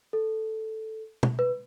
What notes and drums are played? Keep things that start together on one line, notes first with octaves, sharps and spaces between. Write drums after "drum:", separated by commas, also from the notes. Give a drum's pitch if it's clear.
A4
drum: tom
B4